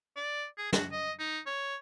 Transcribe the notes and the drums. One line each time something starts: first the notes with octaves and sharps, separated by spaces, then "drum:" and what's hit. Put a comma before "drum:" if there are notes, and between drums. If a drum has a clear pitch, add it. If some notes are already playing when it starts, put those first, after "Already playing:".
D5
G#4
F#4, drum: snare
D#5
D#4
C#5